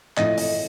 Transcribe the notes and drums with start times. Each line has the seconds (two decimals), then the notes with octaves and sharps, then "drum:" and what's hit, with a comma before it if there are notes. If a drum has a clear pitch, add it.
0.17 A2 F3 A3 D#5, drum: clap
0.38 D#5, drum: open hi-hat